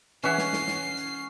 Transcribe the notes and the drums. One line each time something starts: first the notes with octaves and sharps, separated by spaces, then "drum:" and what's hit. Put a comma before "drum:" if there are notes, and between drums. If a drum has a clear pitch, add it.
E3 C#4 C#5 E5 F#5 C7
drum: snare
drum: snare
drum: snare
drum: hi-hat